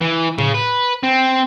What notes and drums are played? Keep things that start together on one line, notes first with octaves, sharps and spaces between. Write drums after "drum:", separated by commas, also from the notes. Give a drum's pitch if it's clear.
E3
C#3, drum: tom A2
B4
C4